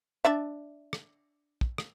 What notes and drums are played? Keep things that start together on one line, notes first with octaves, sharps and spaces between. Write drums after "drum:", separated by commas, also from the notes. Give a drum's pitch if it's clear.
D4 D5 E5
drum: rim click
drum: kick
drum: rim click